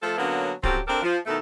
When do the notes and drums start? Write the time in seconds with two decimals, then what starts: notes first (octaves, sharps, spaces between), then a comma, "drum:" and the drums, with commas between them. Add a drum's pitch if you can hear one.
0.03 F3 A3 F4 A4
0.18 D3 F#3 A#3 B3 C#4
0.63 F3 F#3 C4 C#4 G4 A4, drum: kick D1
0.88 C4 D4 G4 A4 A#4
1.02 F3
1.26 B2 D#3 A3 E4 A4